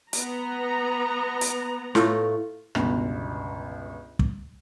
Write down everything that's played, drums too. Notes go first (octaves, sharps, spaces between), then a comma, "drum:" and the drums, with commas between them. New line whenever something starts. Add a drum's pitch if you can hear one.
B3 A#5, drum: hi-hat
drum: hi-hat
A2 A3 F4, drum: snare
G1 C#2 B2, drum: rim click
drum: kick